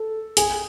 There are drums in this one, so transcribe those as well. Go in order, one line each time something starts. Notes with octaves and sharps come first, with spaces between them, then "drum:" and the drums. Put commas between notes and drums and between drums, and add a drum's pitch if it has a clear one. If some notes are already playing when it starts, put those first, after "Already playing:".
Already playing: A4
G#4, drum: hi-hat